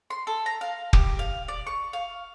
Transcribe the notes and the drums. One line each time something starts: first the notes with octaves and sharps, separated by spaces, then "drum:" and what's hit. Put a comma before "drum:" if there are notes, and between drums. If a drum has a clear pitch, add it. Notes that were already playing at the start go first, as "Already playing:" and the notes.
C6
A4
A#5
F5
G4, drum: kick
F5
D5
C#6
F5